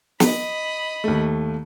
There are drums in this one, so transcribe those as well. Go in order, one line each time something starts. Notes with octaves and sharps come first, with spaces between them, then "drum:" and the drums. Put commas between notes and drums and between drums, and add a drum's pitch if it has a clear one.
D#5 B5, drum: snare
D#2 A3